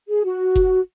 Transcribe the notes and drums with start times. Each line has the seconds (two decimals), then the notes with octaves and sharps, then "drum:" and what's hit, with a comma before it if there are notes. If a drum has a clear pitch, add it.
0.08 G#4
0.24 F#4
0.56 drum: kick F#1